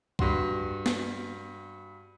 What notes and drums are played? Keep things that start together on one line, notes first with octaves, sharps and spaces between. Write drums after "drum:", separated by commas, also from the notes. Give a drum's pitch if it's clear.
G2 F#4 C6, drum: kick C2
drum: snare